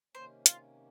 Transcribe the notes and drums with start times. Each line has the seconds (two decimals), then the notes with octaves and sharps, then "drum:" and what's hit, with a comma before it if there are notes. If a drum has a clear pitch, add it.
0.15 C3 D#3 A#3 C#4 C5
0.46 F4, drum: hi-hat